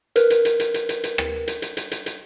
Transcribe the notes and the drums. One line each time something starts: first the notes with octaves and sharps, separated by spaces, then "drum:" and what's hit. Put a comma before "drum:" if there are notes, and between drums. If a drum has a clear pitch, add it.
A#4 B4, drum: hi-hat
drum: hi-hat
drum: hi-hat
drum: hi-hat
drum: hi-hat
drum: hi-hat
drum: hi-hat
drum: rim click
drum: hi-hat
drum: hi-hat
drum: hi-hat
drum: hi-hat
drum: hi-hat